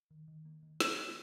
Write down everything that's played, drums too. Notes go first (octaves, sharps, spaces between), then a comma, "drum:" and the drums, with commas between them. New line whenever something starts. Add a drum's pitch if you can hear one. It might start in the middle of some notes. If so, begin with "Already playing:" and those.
D#3
D#3
A#3
D#3
F3, drum: snare
D4